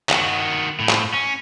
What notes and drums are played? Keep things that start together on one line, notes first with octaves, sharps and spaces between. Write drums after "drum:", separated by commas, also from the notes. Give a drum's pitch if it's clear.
D#3 F#4, drum: clap
A2
drum: clap
C#4